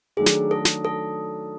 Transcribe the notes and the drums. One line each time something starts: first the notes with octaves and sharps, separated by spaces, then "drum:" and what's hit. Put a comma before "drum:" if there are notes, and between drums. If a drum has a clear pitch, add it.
D#3 F#3 A3 D4 G#4
drum: snare
A4
drum: snare
A4